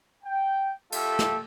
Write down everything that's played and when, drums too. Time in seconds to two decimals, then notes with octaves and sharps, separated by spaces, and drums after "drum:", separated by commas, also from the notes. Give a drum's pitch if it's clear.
0.24 G5
0.92 A3 F4 G4 A4, drum: cymbal
1.19 drum: snare